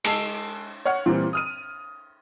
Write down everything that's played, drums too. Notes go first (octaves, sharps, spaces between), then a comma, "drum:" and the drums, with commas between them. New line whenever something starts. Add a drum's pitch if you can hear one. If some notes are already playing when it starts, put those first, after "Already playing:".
G#3 A5 E6 C7, drum: cymbal
C#5 F#5 F6 C#7
A#2 E3 G3 C4
D#6 F6 D#7